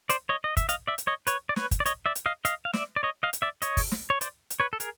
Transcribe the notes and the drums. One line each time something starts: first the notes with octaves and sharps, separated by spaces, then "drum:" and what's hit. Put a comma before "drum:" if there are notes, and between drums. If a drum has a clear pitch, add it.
C5 D5, drum: hi-hat
C#5 D#5
D#5
E5, drum: kick, hi-hat
D#5 F5, drum: hi-hat
D5 E5
drum: hi-hat
C#5 D#5
B4 C#5, drum: hi-hat
D5
B4 C#5, drum: snare
drum: kick, hi-hat
D5
C#5 D#5, drum: hi-hat
D5 E5
drum: hi-hat
D#5 F5
D#5 F5, drum: hi-hat
F5
D5 E5, drum: snare
D5
C#5 D#5
D#5 F5
drum: hi-hat
D5 E5
C#5 D#5, drum: hi-hat
drum: kick, open hi-hat
drum: snare
C#5
C5 D5, drum: hi-hat
drum: hi-hat
B4 C#5
A4
G#4 A#4, drum: hi-hat